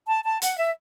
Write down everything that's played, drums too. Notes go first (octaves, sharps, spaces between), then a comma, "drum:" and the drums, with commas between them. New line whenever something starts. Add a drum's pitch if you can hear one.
A5
A5
F#5, drum: hi-hat
E5